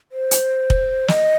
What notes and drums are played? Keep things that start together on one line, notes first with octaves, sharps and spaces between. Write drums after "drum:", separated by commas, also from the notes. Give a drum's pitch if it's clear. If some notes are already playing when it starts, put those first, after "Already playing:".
C5
drum: hi-hat
drum: kick
D#5, drum: snare